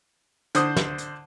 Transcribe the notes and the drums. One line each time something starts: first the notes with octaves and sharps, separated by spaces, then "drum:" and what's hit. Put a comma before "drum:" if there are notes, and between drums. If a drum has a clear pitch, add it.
D3 C5 D#6, drum: hi-hat
drum: snare
drum: hi-hat